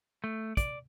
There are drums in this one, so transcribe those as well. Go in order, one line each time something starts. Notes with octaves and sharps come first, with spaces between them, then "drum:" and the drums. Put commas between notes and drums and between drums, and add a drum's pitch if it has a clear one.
A3
D5, drum: kick, hi-hat